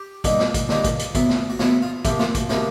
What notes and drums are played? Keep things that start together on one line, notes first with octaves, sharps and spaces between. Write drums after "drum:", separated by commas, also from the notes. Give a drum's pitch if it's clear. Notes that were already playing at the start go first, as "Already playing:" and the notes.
Already playing: G4
D3 G3 A#3 D#4, drum: kick, hi-hat
drum: snare
drum: kick, hi-hat
D3 G3 A#3 D#4, drum: snare
drum: kick, hi-hat
drum: hi-hat
F#3 B3 E4, drum: kick, hi-hat
drum: snare
F#4
F#3 B3 E4 F4, drum: snare
F4
C3 F3 A#3 E4, drum: kick, hi-hat
F4, drum: snare
F#4, drum: kick, hi-hat
C3 F3 A#3 F#4, drum: snare